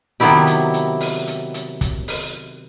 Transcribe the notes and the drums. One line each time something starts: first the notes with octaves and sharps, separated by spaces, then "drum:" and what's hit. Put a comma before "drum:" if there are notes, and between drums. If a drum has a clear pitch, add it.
C3 D#3 F#3 B3 E4 G4
drum: hi-hat
drum: hi-hat
drum: open hi-hat
drum: hi-hat
drum: hi-hat
drum: kick, hi-hat
drum: open hi-hat